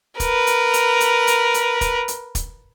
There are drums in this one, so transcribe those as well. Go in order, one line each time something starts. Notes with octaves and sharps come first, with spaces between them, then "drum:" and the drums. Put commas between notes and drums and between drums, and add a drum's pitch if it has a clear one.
A#4 B4, drum: kick, hi-hat
drum: hi-hat
drum: hi-hat
drum: hi-hat
drum: hi-hat
drum: hi-hat
drum: kick, hi-hat
drum: hi-hat
drum: kick, hi-hat